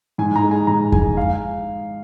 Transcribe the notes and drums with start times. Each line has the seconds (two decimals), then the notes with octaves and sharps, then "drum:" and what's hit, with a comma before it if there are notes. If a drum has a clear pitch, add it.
0.18 G#2 G#5
0.36 A#5
0.43 G#3
0.51 G#5
0.67 G#2 A#5
0.92 G#3 G#5, drum: kick F2
1.17 F5